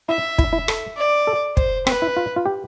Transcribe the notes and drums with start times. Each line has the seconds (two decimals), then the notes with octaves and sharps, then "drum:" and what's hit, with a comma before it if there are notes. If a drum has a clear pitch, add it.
0.09 E4 E5
0.39 E4, drum: kick
0.53 E4
0.68 A4, drum: rim click
0.97 D5
1.27 A4
1.57 C5, drum: kick
1.87 C4 B4, drum: rim click
2.02 E4
2.17 F4
2.36 F4
2.46 G4